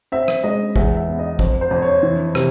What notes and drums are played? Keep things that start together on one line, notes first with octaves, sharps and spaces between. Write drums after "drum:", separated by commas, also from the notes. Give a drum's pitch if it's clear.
C4 E5
drum: rim click
G#3 D#5
E2 E5, drum: kick
E5
B3
D#5
F2, drum: kick
C5
F2
C#5
E3
C3, drum: rim click